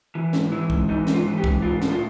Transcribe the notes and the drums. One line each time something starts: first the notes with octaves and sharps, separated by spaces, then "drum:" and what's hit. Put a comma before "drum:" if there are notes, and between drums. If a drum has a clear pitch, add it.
E3
G#2, drum: snare
E3 E4
G#2, drum: kick
E3 D#4
G#2, drum: snare
F4
E3
G4
G#2, drum: kick
E3 F4
A2, drum: snare
F4